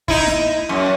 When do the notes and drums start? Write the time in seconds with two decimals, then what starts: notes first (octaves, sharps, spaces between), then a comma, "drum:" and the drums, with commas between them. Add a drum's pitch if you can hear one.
0.08 D#4 E4, drum: kick
0.27 drum: snare
0.69 F#2